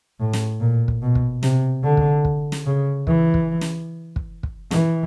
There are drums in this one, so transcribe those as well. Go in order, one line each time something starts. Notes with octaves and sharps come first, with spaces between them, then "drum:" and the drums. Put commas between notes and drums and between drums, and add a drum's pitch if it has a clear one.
A2
drum: snare
A#2
drum: kick
B2
drum: kick
C3, drum: snare
D3
drum: kick
drum: kick
drum: snare
C#3
E3, drum: kick
drum: kick
drum: snare
drum: kick
drum: kick
E3, drum: snare